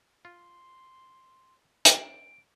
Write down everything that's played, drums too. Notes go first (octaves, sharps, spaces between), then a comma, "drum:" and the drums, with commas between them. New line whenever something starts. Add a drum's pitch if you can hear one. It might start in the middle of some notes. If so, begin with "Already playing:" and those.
F4 C6
C#4 D7, drum: hi-hat